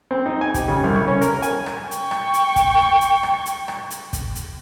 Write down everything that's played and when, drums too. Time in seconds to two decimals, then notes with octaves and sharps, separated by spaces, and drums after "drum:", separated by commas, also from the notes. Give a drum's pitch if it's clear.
0.11 C4
0.26 D#4
0.41 G#5
0.54 G4, drum: kick, hi-hat
0.68 C#3
0.84 C2
0.96 C#6
1.08 C#4
1.21 A#4, drum: hi-hat
1.42 G#5, drum: hi-hat
1.66 drum: rim click
1.91 G5 C#6, drum: hi-hat
2.11 drum: rim click
2.33 drum: hi-hat
2.56 drum: kick, hi-hat
2.78 drum: rim click
3.01 drum: hi-hat
3.23 drum: rim click
3.46 drum: hi-hat
3.68 drum: rim click
3.90 drum: hi-hat
4.13 drum: kick, hi-hat
4.35 drum: hi-hat